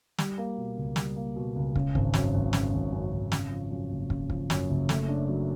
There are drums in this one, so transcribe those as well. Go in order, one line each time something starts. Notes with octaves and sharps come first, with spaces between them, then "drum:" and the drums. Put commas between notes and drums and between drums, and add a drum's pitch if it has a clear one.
G3, drum: snare
A#3
B2
C#2
G3, drum: snare
A#3
B2
C#2
C#3, drum: kick
G#1, drum: kick
F#2, drum: snare
G#1
C#3, drum: snare
G#1
F#2
G#1
C#3, drum: snare
F3
F#2
F#1
C#3, drum: kick
F3, drum: kick
F#2, drum: snare
F#1
A3, drum: snare
D4
F#3